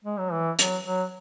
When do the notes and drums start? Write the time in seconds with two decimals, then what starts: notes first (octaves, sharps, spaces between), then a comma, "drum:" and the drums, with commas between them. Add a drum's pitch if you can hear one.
0.04 G#3
0.18 F#3
0.33 E3
0.59 F#3, drum: hi-hat
0.85 F#3